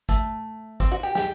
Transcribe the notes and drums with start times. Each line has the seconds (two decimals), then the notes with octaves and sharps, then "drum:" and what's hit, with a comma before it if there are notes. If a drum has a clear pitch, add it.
0.09 A3, drum: kick G#1, hi-hat
0.80 C4, drum: kick G#1, hi-hat
0.91 F#4
1.03 G4
1.15 G4, drum: snare